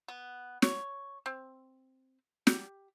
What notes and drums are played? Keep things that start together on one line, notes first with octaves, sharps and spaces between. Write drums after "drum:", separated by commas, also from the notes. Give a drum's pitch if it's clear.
B3
C#5, drum: snare
C4
G4, drum: snare